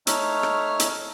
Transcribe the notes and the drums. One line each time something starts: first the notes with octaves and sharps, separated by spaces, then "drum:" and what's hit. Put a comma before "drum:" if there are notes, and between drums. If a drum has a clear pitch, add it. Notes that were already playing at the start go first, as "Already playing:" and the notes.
A3 D#4 C#5 E5 F6, drum: hi-hat
drum: rim click
drum: hi-hat